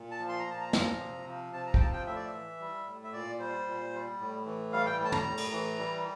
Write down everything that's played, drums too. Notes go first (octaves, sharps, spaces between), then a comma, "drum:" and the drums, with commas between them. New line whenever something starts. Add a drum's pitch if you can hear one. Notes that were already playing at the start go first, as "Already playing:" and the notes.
Already playing: A#2
A5
F3
C6
A#5
A#2 A5
A#5
F3, drum: snare
C3
F3
C3 A5
A#5
G5, drum: kick
F3 A5
G5
A2 E5
D5
E5
E3
G3
A2
E5
A#2 D5
G3 C5
A#2
G3
A2
E3
G3 F5
G5
A2
A5
A#5, drum: tom
A2
drum: cymbal
E3
G3